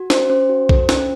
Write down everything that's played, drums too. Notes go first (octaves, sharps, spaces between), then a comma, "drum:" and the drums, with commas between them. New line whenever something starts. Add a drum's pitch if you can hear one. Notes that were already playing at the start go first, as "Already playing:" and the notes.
Already playing: F#4
C#4 C5, drum: snare
C#4 C5
F#4
A4, drum: kick
C#4, drum: snare